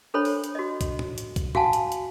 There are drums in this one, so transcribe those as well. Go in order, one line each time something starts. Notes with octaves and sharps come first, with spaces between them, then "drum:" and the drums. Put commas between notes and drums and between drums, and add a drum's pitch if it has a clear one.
D4 A4 C5 C#5 B5
drum: open hi-hat
drum: hi-hat
F#4 D#5
drum: kick, hi-hat
drum: tom
drum: hi-hat
drum: kick, hi-hat
F#4 F5 F#5 G#5 A5, drum: tom
drum: hi-hat
drum: hi-hat